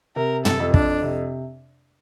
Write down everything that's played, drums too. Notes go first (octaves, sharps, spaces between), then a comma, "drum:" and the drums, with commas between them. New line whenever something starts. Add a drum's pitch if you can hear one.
C3 A#4
A4, drum: tom
F2
D4, drum: kick
C3